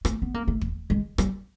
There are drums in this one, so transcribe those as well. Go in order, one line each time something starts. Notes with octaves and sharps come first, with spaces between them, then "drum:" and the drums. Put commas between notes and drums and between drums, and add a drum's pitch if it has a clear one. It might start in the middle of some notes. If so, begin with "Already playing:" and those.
A3, drum: rim click
B3
A#3
A3
drum: kick
G#3
G3, drum: rim click